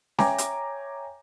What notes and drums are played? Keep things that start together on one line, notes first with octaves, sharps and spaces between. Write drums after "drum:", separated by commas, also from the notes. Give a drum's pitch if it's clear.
C#5 E5 G5 G#5 A#5 D6, drum: snare C#4
drum: hi-hat